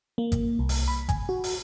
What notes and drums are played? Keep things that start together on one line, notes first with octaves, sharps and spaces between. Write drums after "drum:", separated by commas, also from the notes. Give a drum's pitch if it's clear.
A#3
drum: kick G#1, hi-hat
C2
drum: open hi-hat
B5
G#5, drum: kick G#1, hi-hat
F#4
drum: open hi-hat